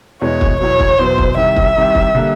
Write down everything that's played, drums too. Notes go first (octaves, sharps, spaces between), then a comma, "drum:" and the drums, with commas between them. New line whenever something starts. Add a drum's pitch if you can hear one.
E2 B2 G#3 C#5
drum: kick
E2 B2 F#3 C#5
drum: kick
E2 B2 F#3 C5
drum: kick
C2 C3 D#3 E5
drum: kick
C2 C3 D#3
drum: kick
D3 G3 A#3